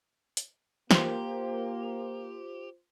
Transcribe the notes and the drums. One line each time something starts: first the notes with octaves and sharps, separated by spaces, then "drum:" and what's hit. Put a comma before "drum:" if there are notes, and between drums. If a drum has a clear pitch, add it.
drum: hi-hat
A#3 F4 G4 C5, drum: snare